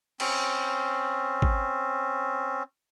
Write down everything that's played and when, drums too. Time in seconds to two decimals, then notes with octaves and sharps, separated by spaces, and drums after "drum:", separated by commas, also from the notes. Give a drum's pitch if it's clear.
0.20 C4 C#4, drum: cymbal
1.42 drum: kick G#1